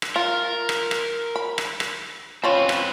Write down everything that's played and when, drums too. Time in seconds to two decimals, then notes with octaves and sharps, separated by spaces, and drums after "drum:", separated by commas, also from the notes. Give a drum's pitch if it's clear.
0.02 drum: rim click
0.16 F4 A#4
0.69 drum: rim click
0.91 drum: rim click
1.36 B5
1.58 drum: rim click
1.80 drum: rim click
2.44 C4 C#4 F4 B4 B5
2.69 drum: rim click